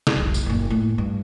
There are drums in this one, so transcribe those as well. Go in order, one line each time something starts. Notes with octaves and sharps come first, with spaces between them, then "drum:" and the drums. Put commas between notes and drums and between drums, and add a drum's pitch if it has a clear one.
drum: snare
E1 B1
drum: tambourine
F#1 A#2
A2
G2